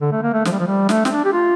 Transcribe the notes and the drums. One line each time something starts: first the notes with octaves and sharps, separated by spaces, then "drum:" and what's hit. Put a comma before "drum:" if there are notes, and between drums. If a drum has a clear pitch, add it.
D3
A3
A#3
A3
F3, drum: snare
G3
F3
G3
A3, drum: snare
C4, drum: snare
D4
G4
F4